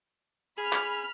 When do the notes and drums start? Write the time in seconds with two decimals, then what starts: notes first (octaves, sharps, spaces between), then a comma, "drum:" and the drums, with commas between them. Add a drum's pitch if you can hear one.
0.58 G#4 B5 F6
0.73 drum: clap